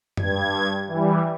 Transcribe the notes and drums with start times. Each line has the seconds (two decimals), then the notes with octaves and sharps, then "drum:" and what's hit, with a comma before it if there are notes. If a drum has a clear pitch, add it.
0.17 G2 G#6, drum: tom F#2
0.87 E3 G3